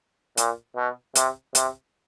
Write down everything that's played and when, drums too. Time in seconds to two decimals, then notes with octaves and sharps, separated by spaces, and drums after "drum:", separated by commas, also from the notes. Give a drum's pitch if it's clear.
0.37 A#2, drum: hi-hat
0.76 B2
1.15 C3, drum: hi-hat
1.55 C3, drum: hi-hat